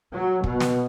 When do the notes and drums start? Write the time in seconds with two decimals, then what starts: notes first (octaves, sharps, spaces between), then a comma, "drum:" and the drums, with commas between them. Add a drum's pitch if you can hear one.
0.12 F#3
0.44 B2, drum: kick
0.60 drum: snare